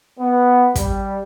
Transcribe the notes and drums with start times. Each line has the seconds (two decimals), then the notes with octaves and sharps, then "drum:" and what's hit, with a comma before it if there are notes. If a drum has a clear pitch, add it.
0.20 B3
0.75 G3, drum: kick, hi-hat